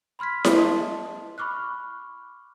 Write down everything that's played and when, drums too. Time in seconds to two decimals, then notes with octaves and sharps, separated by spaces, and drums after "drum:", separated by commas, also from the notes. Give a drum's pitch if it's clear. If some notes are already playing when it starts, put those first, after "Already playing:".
0.19 B5 C6 F6 G#6 B6
0.44 drum: snare E4
0.56 D#5 A5 C6
1.38 B5 C#6 D6 F6 F#6